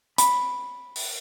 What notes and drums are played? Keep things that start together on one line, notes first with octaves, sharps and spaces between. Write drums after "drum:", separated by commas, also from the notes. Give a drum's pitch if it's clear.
B5, drum: hi-hat
drum: open hi-hat